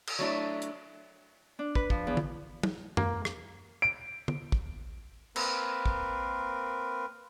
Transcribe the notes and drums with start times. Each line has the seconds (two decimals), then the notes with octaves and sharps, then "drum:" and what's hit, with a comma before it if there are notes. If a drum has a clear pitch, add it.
0.07 drum: cymbal
0.19 F#3 A3 D4 E4
0.62 drum: hi-hat
1.59 D4
1.75 B4, drum: kick
1.90 F3, drum: kick
2.07 E2
2.17 drum: tom
2.63 drum: tom
2.97 A#3, drum: tom F#2
3.25 drum: rim click
3.82 D7
4.28 drum: tom
4.52 drum: kick
5.36 A#3 C4 A#4 B4, drum: cymbal
5.86 drum: kick